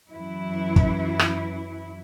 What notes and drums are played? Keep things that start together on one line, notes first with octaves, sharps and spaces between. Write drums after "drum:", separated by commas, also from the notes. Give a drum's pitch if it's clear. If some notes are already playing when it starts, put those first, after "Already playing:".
F#2 E3 E4
drum: kick
drum: rim click